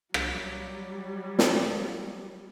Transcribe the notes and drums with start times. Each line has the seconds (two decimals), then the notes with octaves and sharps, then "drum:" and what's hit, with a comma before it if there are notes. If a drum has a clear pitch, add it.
0.14 F#3 G3, drum: rim click
1.39 drum: snare